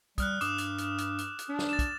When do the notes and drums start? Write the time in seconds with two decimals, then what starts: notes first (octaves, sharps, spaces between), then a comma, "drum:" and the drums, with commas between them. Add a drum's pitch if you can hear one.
0.18 G3 D#6 F6 F#6, drum: kick, hi-hat
0.41 G2 D6 D#6 E7, drum: hi-hat
0.58 drum: hi-hat
0.78 drum: hi-hat
0.98 drum: hi-hat
1.18 drum: hi-hat
1.39 drum: hi-hat
1.49 D4
1.59 drum: snare
1.69 A6 E7
1.79 drum: kick, hi-hat